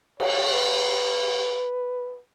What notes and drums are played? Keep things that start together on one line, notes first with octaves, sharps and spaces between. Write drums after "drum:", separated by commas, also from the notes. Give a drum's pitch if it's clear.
C#5, drum: cymbal
B4